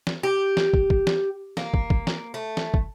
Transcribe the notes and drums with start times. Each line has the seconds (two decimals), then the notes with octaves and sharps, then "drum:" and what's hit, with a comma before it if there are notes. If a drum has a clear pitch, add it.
0.07 drum: snare
0.23 G4
0.57 drum: snare
0.74 drum: kick
0.90 drum: kick
1.07 drum: snare
1.57 A#3, drum: snare
1.74 drum: kick
1.90 drum: kick
2.07 drum: snare
2.34 A3
2.57 drum: snare
2.74 drum: kick